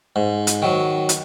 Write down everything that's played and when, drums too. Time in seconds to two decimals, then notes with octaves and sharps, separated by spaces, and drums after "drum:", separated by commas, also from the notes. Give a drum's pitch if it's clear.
0.16 G#2
0.47 drum: hi-hat
0.62 D#3 F#3
1.09 drum: hi-hat